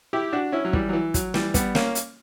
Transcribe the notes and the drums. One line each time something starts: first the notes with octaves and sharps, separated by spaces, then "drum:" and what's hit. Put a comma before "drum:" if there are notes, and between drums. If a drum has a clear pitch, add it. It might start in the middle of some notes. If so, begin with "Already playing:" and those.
E4 G4
D4 F#4
C#4 E4
F#3
E3 G3, drum: kick
F#3
E3
F#3, drum: kick, hi-hat
E3 G3, drum: snare
G3 B3, drum: kick, hi-hat
A#3 C#4, drum: snare
drum: hi-hat